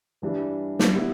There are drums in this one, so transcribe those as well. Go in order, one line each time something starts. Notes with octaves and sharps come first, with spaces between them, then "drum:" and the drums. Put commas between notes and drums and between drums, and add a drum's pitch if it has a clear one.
G2 E3 G3 D4
drum: snare
G3 B3 E4